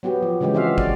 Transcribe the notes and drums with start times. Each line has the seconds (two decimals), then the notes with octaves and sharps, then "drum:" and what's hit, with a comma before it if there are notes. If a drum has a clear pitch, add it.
0.03 F#3 B3 F#4 G4
0.22 F3
0.41 C#3 E3 F#3 G#3 G4
0.54 C4 F4 F#4 E5 F5
0.78 D5, drum: kick